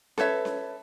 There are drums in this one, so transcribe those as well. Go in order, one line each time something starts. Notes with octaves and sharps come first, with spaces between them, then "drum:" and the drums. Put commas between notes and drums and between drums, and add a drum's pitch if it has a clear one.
A4 B4 C#5 E5, drum: snare C#4
drum: snare C#4